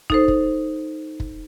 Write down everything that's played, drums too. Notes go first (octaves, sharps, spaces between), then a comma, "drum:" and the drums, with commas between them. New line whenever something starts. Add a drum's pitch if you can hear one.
D#4 A4 C5, drum: kick
drum: kick
drum: kick